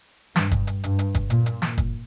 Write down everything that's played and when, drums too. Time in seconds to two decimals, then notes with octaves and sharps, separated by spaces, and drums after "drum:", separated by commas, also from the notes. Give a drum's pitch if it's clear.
0.36 G2, drum: snare
0.51 drum: kick, hi-hat
0.67 drum: hi-hat
0.84 G2, drum: hi-hat
0.99 drum: hi-hat
1.15 drum: kick, hi-hat
1.30 A#2, drum: hi-hat
1.46 drum: hi-hat
1.62 drum: snare
1.78 drum: kick, hi-hat